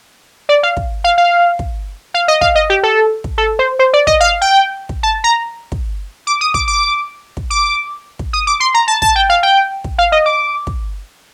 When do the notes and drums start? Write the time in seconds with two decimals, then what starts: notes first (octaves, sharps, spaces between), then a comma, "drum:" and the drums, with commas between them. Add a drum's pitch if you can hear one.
0.49 D5
0.63 F5
0.77 drum: kick
1.04 F5
1.18 F5
1.59 drum: kick
2.14 F5
2.28 D#5
2.41 F5, drum: kick
2.55 D#5
2.70 G4
2.83 A4
3.24 drum: kick
3.38 A4
3.59 C5
3.79 C5
3.93 D5
4.07 D#5, drum: kick
4.20 F5
4.41 G5
4.89 drum: kick
5.03 A5
5.24 A#5
5.72 drum: kick
6.27 D6
6.41 D#6
6.54 D6, drum: kick
6.68 D6
7.37 drum: kick
7.50 D6
8.19 drum: kick
8.33 D#6
8.47 D6
8.60 C6
8.74 A#5
8.88 A5
9.02 A5, drum: kick
9.15 G5
9.29 F5
9.43 G5
9.84 drum: kick
9.98 F5
10.12 D#5
10.26 D6
10.67 drum: kick